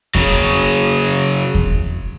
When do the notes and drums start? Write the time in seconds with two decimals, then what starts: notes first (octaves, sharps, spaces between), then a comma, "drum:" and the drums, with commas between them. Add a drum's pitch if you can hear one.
0.15 C#3 F#3, drum: kick E2
1.55 drum: kick E2